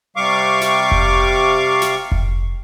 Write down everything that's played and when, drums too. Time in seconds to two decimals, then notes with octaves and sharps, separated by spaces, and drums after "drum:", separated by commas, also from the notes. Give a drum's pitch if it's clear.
0.16 C3 G3 F5 C#6 D6
0.61 drum: snare
0.91 drum: kick F1
1.82 drum: snare
2.12 drum: kick F1